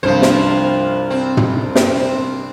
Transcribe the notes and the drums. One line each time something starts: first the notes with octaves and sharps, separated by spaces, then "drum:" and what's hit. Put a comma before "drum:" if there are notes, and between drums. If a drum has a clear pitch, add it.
C2 G2 F3 C5
drum: snare
C4
drum: tom
drum: snare
C4